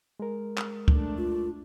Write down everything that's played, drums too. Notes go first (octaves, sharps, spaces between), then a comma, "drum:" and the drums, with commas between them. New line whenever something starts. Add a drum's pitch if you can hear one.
G#3 A#4
drum: clap
A3 D4, drum: kick C#2
F4